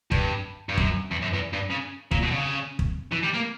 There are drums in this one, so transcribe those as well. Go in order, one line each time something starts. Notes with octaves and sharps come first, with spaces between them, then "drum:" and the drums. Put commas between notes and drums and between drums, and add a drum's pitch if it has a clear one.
G2, drum: kick
G2
F#2, drum: kick
E2
F#2
E2
G2
C#3
A#2, drum: kick
B2
D3
C#3
drum: kick
E3
G3
A#3